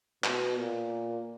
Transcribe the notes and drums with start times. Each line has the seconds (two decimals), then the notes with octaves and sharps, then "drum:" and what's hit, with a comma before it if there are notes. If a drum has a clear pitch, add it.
0.24 B2, drum: clap
0.58 A#2